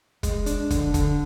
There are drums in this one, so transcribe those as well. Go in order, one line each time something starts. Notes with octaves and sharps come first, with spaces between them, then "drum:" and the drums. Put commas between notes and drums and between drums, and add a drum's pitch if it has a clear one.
G#3, drum: kick, hi-hat
D4, drum: hi-hat
D3, drum: kick, hi-hat
D3, drum: kick, hi-hat